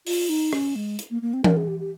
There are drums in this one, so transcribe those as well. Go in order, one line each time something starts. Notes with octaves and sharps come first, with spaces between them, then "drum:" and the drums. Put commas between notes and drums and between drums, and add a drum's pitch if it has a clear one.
F4, drum: open hi-hat
D#4
C#4, drum: rim click
G#3
drum: hi-hat
A#3
A#3
C4
A#4, drum: tom E3
G#4
G4
G4